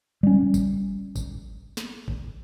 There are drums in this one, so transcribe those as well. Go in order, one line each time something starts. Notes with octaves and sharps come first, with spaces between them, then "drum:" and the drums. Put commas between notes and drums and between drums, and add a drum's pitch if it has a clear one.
G3 C#4
drum: kick G#1, tambourine
drum: kick G#1, tambourine
drum: snare
drum: kick G#1